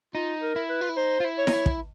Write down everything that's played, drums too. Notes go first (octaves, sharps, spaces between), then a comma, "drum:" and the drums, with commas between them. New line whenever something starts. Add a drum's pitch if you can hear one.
D#4 F4
A#4
E4
B4
F4
E4
D#4 C5
F4
E4
C#5
D#4, drum: snare E4
E4
drum: kick